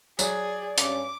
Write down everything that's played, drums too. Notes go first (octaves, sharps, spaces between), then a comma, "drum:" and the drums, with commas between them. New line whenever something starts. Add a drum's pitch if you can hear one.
F#3 G#4 D5, drum: tambourine
G2 C#4 D6, drum: hi-hat